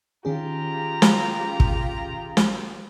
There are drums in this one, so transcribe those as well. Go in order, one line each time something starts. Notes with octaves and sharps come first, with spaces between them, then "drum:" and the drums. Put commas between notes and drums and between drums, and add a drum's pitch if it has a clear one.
D#3 C#4 F4 G4 G#4 A#5
drum: snare
drum: kick
drum: snare